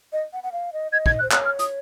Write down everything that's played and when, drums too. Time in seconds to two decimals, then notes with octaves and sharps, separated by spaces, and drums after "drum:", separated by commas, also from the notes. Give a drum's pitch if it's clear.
0.13 D#5
0.33 F#5
0.43 F#5
0.52 F5
0.73 D#5
0.92 D#5 G#6
1.06 G#6, drum: kick
1.19 F#6
1.22 C5
1.31 C#5 F#6, drum: clap
1.45 F6
1.59 D#6, drum: hi-hat